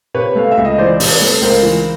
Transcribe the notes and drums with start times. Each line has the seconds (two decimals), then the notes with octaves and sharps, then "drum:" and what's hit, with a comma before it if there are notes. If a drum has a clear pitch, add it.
0.14 C3 B4 C#5
0.35 A3 F5
0.51 E5
0.57 C#2
0.65 D#5
0.78 E3 C5 D5
1.00 C3, drum: open hi-hat
1.06 D5
1.10 B4 C#5
1.21 A3
1.42 C#2 A#4 C5
1.63 E3